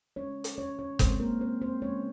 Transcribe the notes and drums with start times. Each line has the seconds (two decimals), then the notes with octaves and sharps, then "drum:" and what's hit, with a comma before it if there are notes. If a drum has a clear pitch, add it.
0.16 F3 G#3 C#4 C#5
0.44 drum: hi-hat
0.58 C#4 C#5
0.79 C#4 C#5
0.99 F3 G#3 C4 C#4 C5, drum: kick F#1, hi-hat
1.20 A#3 A#4
1.41 C4 C5
1.62 C4 C5
1.82 F3 G#3 C#4 C#5